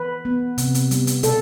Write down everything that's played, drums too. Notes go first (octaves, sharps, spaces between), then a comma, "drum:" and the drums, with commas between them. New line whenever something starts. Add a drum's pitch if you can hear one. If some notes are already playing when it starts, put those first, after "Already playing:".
Already playing: E3 B4
B3
C3, drum: hi-hat
drum: hi-hat
G3 B3, drum: hi-hat
drum: hi-hat
B2 A4, drum: hi-hat